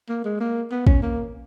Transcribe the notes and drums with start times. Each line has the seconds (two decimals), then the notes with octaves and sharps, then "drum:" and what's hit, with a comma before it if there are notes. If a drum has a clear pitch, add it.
0.09 A#3
0.25 G#3
0.40 A#3
0.72 B3
0.87 C#4, drum: kick
1.02 A#3